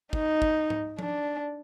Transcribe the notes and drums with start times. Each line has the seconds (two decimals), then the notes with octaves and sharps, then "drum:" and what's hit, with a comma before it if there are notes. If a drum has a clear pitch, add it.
0.13 D#4, drum: kick
0.42 drum: kick
0.70 drum: tom G#2
0.99 D4, drum: tom F3